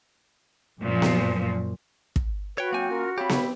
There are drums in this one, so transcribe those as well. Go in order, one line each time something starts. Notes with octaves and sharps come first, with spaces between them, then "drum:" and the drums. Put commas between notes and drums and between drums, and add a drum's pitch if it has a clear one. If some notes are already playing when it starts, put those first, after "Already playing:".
F#2 A#2 F3
drum: snare B3
drum: kick
F#4 B4 C#5 G5
F#3 A#3 C4 G5 G#5
C#4 F4 A#4
C4 G4 C#5 F5 B5
drum: snare B3